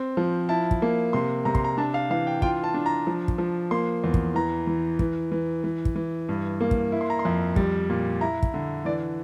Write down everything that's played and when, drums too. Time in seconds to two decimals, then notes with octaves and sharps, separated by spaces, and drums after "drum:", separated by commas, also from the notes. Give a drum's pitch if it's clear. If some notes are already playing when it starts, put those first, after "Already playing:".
Already playing: C4
0.17 F3
0.49 E4 A5
0.71 drum: kick
0.82 A#3
1.13 C3 C6
1.45 C3 A#5
1.55 C6, drum: kick
1.64 A#5
1.78 D4 A5
1.94 F5
2.10 E3 F5
2.27 G5
2.42 F4 G5, drum: kick
2.64 A5
2.74 D4
2.86 A#5
3.07 F3
3.28 drum: kick
3.38 F3
3.71 A#3 C6
4.04 E2
4.14 drum: kick
4.35 E3 A#5
4.67 E3
4.99 E3, drum: kick
5.32 E3
5.64 E3
5.85 drum: kick
5.96 E3
6.29 G2
6.61 A#3
6.71 drum: kick
6.92 E4
7.01 C6
7.10 A#5
7.19 C6
7.25 F2
7.56 G3, drum: kick
7.90 A#2
8.21 E4 A#5
8.43 drum: kick
8.54 D3
8.85 E3 D5